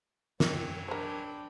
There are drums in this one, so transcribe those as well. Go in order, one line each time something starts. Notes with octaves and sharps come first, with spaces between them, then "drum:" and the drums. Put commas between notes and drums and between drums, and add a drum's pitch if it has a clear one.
F#2 E3 F#3 A4 G5, drum: snare
D4 A#4 C5 G5 B5